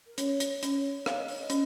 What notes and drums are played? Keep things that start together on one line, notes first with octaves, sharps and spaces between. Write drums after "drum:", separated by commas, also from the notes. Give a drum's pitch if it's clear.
A#4
C#4 C#5, drum: hi-hat
drum: hi-hat
C#4, drum: hi-hat
C#5
F5, drum: rim click
D#5
C#5, drum: open hi-hat
D#5
C#4, drum: hi-hat